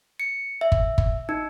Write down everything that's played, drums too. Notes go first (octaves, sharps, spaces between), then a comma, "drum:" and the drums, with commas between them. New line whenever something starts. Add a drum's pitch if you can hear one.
C#7
E5
drum: kick G1
drum: kick G1
D#4